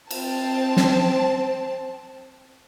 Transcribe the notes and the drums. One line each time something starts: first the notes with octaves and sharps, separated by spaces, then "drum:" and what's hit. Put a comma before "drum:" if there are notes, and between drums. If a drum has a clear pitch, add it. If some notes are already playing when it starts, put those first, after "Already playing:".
C4 A5, drum: cymbal
drum: snare